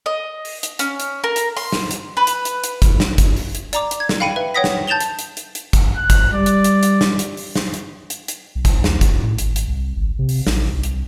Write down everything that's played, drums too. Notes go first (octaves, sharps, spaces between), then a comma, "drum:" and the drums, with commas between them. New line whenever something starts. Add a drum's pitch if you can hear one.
D#5
drum: open hi-hat
drum: hi-hat
C#4, drum: hi-hat
drum: hi-hat
A#4
drum: hi-hat
C6, drum: open hi-hat
drum: snare
drum: hi-hat
B4
drum: hi-hat
drum: hi-hat
drum: hi-hat
drum: kick, hi-hat
drum: snare
drum: kick, hi-hat
drum: open hi-hat
drum: hi-hat
D5 A#5 D6, drum: hi-hat
drum: hi-hat
G#6
drum: snare
F5 G5 B5 C#7 D#7
B4 E5
C#5 F#5 G5 D#6 A#6 B6
drum: snare
A5 G6 A6 E7 F7 G7
drum: hi-hat
drum: hi-hat
drum: hi-hat
drum: hi-hat
drum: kick, hi-hat
F#6
drum: kick, hi-hat
G3 D5
drum: hi-hat
drum: hi-hat
drum: hi-hat
drum: snare
drum: hi-hat
drum: open hi-hat
drum: snare
drum: hi-hat
drum: hi-hat
drum: hi-hat
B1
drum: kick, hi-hat
D#2, drum: snare
drum: kick, hi-hat
D#1
A2
G#1, drum: hi-hat
drum: hi-hat
C2
G#1
C3
drum: open hi-hat
A1, drum: snare
C2
drum: hi-hat